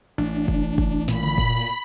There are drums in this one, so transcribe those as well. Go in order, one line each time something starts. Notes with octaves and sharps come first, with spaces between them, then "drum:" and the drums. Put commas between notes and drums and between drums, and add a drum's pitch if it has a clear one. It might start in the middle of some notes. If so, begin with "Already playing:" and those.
A1 D4
drum: kick
drum: kick
A#2 B5, drum: snare
drum: tom C#3
drum: kick